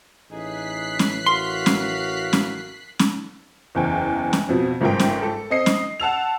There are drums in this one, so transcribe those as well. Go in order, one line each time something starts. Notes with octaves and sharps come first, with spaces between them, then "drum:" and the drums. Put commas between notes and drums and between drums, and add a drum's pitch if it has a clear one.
A1 D#4 G#4 F#6 B6 C7
drum: snare C#4
F#4 A#4 F5 C6
drum: snare C#4
drum: snare C#4
drum: snare C#4
F#1 E2 G5
drum: snare C#4
F2 B2 F3
G1 G#2 F3 A#4 G5
drum: snare C#4
A4
C4 D#5 C7
drum: snare C#4
F#5 A5 E6 F7